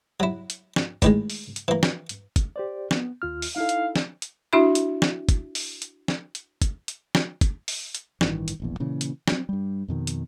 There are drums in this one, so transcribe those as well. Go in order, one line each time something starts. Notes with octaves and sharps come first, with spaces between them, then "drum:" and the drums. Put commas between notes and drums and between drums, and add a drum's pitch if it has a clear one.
F#3 E4
drum: hi-hat
drum: snare
A2 D#3 G#3, drum: kick, hi-hat
drum: open hi-hat
drum: hi-hat
E3 A#3
drum: snare
drum: hi-hat
drum: kick, hi-hat
G4 C5 D5
B3, drum: snare
D#2 F4 F6
drum: open hi-hat
D#4 E4 A4 F5
drum: hi-hat
drum: snare
drum: hi-hat
D4 E4 F#4 E5 B5
drum: hi-hat
drum: snare
drum: kick, hi-hat
drum: open hi-hat
drum: hi-hat
drum: snare
drum: hi-hat
drum: kick, hi-hat
drum: hi-hat
drum: snare
drum: kick, hi-hat
drum: open hi-hat
drum: hi-hat
A1 G2 D#3 E3, drum: snare
drum: hi-hat
E1 A#1 E2
A#2 C#3 E3
drum: hi-hat
F#3 C4, drum: snare
G2 G3
F2 B2 D#3
drum: hi-hat